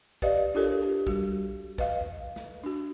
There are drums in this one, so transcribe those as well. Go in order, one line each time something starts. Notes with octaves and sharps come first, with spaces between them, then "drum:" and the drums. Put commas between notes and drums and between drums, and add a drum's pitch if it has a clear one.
G4 B4 D5 D#5 F5, drum: kick
D4 F4 G4 A4 A#4 C#5
G4
G3 F#4, drum: kick
B4 D#5 F5, drum: kick
drum: tom E2
drum: snare
D4 F#4